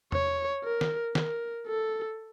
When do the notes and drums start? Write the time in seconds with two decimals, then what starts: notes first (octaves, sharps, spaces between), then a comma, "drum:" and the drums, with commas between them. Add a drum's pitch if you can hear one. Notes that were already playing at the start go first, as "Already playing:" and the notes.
0.12 C#5, drum: tom E2
0.64 A#4
0.81 drum: snare D#3
1.15 A#4, drum: snare D#3
1.67 A4